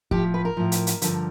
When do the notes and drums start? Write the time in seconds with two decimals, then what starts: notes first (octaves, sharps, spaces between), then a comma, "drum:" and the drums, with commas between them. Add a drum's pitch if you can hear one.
0.11 A2 F3 G4, drum: kick
0.34 B4
0.45 A#4
0.57 A2 F3
0.72 drum: hi-hat
0.87 drum: hi-hat
1.02 G2 D3 F3, drum: hi-hat